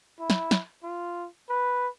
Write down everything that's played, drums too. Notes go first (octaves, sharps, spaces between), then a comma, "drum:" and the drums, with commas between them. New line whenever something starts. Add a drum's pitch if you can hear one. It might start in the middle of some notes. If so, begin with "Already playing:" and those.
E4
drum: snare
drum: snare
F4
B4